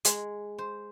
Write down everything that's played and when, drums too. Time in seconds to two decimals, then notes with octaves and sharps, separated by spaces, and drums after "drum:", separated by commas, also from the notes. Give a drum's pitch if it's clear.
0.05 G#3, drum: hi-hat
0.58 C5